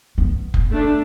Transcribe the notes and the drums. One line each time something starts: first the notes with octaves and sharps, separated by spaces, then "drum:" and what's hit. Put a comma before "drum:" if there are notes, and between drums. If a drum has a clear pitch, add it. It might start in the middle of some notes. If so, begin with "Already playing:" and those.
B3
drum: kick F1
A3 D4